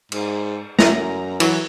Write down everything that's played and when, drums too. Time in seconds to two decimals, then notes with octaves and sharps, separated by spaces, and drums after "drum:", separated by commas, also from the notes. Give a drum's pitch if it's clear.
0.12 G#2, drum: cymbal
0.79 F#2 A#5, drum: snare
1.40 E3 F#3, drum: cymbal